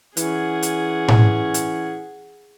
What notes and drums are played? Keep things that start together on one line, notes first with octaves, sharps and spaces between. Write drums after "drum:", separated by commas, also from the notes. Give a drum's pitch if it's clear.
E3 C#4 G#4 F#5, drum: hi-hat
drum: hi-hat
drum: tom A2
drum: hi-hat